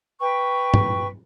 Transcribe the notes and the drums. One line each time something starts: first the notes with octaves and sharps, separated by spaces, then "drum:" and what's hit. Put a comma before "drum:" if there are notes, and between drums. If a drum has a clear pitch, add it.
B4 G5 C#6
drum: tom